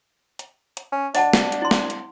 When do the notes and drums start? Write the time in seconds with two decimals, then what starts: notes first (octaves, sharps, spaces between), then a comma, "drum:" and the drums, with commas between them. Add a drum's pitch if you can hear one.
0.39 drum: hi-hat
0.77 drum: hi-hat
0.92 C#4
1.15 D4 D#5 F#5 A5, drum: open hi-hat
1.33 drum: snare
1.52 drum: hi-hat
1.62 E4 C6
1.71 drum: snare
1.90 drum: hi-hat